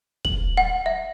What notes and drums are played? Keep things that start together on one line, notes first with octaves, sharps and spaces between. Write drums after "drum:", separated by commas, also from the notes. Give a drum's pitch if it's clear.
F#7, drum: kick
F#5
E5